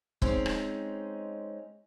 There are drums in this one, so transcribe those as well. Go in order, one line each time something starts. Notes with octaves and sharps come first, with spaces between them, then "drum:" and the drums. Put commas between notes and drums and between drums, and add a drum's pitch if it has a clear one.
G#3 C4 C#4 D#4, drum: kick
drum: rim click